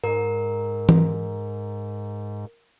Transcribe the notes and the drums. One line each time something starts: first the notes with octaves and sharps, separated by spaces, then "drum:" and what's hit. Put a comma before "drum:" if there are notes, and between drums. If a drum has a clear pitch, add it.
G#2 A#4
drum: tom E3